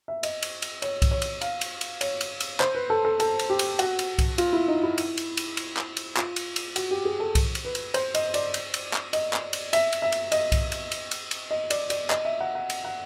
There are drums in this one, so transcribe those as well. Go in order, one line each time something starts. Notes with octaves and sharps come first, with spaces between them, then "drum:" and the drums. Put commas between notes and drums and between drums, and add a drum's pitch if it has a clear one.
E5
D#5, drum: cymbal
drum: cymbal
drum: cymbal
C#5, drum: cymbal
drum: kick C2, cymbal
C#5
drum: cymbal
F5, drum: cymbal
drum: cymbal
drum: cymbal
C#5, drum: cymbal
drum: cymbal
drum: cymbal
C5, drum: clap
B4
A4
A4
A4, drum: cymbal
drum: cymbal
G4
drum: cymbal
F#4, drum: cymbal
drum: cymbal
drum: kick C2, cymbal
F4, drum: cymbal
E4
D#4
E4
drum: cymbal
drum: cymbal
drum: cymbal
drum: cymbal
drum: clap
drum: cymbal
F4, drum: clap
drum: cymbal
drum: cymbal
F#4, drum: cymbal
G4
G#4
A4
drum: kick C2, cymbal
drum: cymbal
B4
drum: cymbal
C5, drum: cymbal
D#5, drum: cymbal
D5, drum: cymbal
drum: cymbal
drum: cymbal
drum: clap
D#5, drum: cymbal
drum: clap
drum: cymbal
E5, drum: cymbal
drum: cymbal
E5
drum: cymbal
D#5, drum: cymbal
drum: kick C2, cymbal
drum: cymbal
drum: cymbal
drum: cymbal
drum: cymbal
D#5
D5, drum: cymbal
D5, drum: cymbal
D#5, drum: clap
E5
F#5
F#5
drum: cymbal
F#5